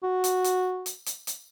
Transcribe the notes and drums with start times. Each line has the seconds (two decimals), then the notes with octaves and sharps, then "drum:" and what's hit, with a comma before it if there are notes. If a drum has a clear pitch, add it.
0.03 F#4
0.24 drum: hi-hat
0.44 drum: hi-hat
0.86 drum: hi-hat
1.06 drum: hi-hat
1.27 drum: hi-hat